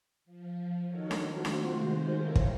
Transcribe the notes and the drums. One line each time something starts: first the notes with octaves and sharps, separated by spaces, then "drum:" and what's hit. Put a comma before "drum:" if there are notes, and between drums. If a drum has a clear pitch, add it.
F3
D#3 D#4 F#4 A4 A#4 C#5
drum: snare D4
A3 C4 F4 F#4 C5
drum: snare D4
C3 D#3 G#3 C5
E4 G4 A4 A#4 C#5 F5
drum: kick